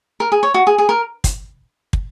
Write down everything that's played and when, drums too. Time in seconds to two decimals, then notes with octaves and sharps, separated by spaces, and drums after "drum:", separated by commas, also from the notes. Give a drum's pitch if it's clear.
0.20 A#4
0.32 G#4
0.43 C#5
0.54 F#4
0.67 G#4
0.78 G#4
0.89 A#4
1.24 drum: kick, hi-hat
1.93 drum: kick